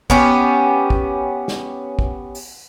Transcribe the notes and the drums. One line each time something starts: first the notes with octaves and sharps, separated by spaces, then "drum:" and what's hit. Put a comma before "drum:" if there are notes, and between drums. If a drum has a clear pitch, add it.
B3 C#4 G4, drum: kick
drum: kick
drum: snare
drum: kick
drum: open hi-hat